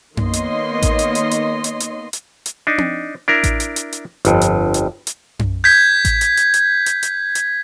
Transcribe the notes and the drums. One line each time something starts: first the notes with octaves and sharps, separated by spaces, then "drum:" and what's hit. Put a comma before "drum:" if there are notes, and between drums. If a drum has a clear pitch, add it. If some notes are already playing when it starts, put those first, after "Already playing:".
D#3 A#3 B3 C#5 D#5 C6, drum: tom F#2
drum: hi-hat
drum: kick A1, hi-hat
drum: hi-hat
drum: hi-hat
drum: hi-hat
drum: hi-hat
drum: hi-hat
drum: hi-hat
drum: hi-hat
D4 D#4
drum: tom C4
D4 E4 A#4
drum: kick A1, hi-hat
drum: hi-hat
drum: hi-hat
drum: hi-hat
G1 F2, drum: hi-hat
drum: hi-hat
drum: hi-hat
drum: hi-hat
drum: tom F#2
G6 G#6 B6
drum: kick A1, hi-hat
drum: hi-hat
drum: hi-hat
drum: hi-hat
drum: hi-hat
drum: hi-hat
drum: hi-hat